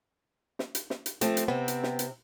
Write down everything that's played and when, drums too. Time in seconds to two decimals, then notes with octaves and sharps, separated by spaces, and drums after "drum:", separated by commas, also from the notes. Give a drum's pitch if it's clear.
0.59 drum: snare
0.75 drum: hi-hat
0.90 drum: snare
1.06 drum: hi-hat
1.21 F3 A3 C4, drum: hi-hat
1.37 drum: hi-hat
1.48 C3 B3 C4
1.68 drum: hi-hat
1.83 drum: snare
1.99 drum: hi-hat